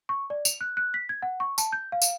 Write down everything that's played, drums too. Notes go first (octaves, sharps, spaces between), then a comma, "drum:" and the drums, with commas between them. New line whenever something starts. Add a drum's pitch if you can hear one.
C#6
D5
F7, drum: tambourine
F#6
F#6
B6
G#6
F#5
C#6
A5, drum: tambourine
G6
F5
drum: tambourine